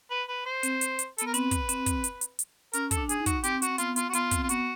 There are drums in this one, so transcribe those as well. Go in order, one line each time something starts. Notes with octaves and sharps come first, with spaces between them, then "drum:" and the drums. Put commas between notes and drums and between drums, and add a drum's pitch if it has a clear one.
B4
B4
C5
C4, drum: hi-hat
drum: hi-hat
drum: hi-hat
A4, drum: hi-hat
B3 A#4
C4 B4, drum: hi-hat
drum: kick, hi-hat
C4, drum: hi-hat
drum: kick, hi-hat
drum: hi-hat
drum: hi-hat
drum: hi-hat
C#4 A#4, drum: hi-hat
A4, drum: kick, hi-hat
D4
G#4, drum: hi-hat
D#4
F#4, drum: kick, hi-hat
C4 G4, drum: hi-hat
F#4, drum: hi-hat
C4
B3 F4, drum: hi-hat
F4, drum: hi-hat
F#4
B3 F4, drum: hi-hat
C4, drum: kick, hi-hat
F4
B3 F#4, drum: hi-hat